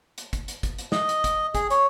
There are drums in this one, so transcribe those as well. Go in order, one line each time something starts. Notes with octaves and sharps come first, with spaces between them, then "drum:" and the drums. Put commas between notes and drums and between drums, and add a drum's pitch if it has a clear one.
drum: hi-hat
drum: kick, hi-hat
drum: hi-hat
drum: kick, hi-hat
drum: hi-hat
D#5, drum: snare
drum: hi-hat
drum: kick, hi-hat
G#4, drum: kick, hi-hat
C#5, drum: hi-hat